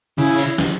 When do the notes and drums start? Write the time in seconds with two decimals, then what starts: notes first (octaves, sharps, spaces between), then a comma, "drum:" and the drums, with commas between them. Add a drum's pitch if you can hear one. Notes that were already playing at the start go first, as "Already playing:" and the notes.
0.18 C#3 E4
0.38 drum: open hi-hat
0.58 drum: snare